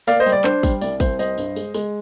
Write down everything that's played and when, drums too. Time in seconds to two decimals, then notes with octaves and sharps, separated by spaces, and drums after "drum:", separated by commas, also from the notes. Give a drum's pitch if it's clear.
0.07 A#3 D5 F5, drum: tambourine
0.20 C5 D#5
0.26 G3, drum: tambourine
0.32 D5
0.44 D4 C5, drum: clap
0.63 G3, drum: kick, tambourine
0.81 C2 D5, drum: tambourine
1.00 C2 C5, drum: kick, tambourine
1.19 G3 C5 D#5, drum: tambourine
1.38 G2, drum: tambourine
1.56 G#3, drum: tambourine
1.74 G#3, drum: tambourine